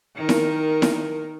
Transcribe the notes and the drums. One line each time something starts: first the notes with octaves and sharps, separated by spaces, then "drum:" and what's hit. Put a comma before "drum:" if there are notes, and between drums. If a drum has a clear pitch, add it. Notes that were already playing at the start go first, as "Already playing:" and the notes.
D#3 A#4
drum: snare E4
drum: snare E4